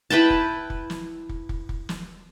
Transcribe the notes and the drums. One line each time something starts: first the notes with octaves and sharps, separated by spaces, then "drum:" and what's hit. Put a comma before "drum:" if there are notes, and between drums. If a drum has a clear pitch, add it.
E4 B4 G5 A5
drum: kick
drum: kick
drum: snare
drum: kick
drum: kick
drum: kick
drum: snare